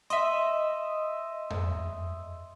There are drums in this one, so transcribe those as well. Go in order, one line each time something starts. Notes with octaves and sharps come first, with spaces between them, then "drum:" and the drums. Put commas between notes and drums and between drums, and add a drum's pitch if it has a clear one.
D#5 E5 C6 D#7 E7, drum: hi-hat
drum: tom F2